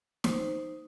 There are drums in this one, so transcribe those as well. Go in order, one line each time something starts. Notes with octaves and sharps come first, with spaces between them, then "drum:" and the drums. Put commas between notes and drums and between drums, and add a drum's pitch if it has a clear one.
D#4 C5, drum: snare